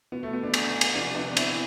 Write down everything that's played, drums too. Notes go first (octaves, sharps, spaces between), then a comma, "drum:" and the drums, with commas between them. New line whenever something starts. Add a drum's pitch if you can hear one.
B2 B3
A3
B3
B3 D4
drum: cymbal
drum: cymbal
C3 F3 B3 D4
B3 D4
C4 E4, drum: cymbal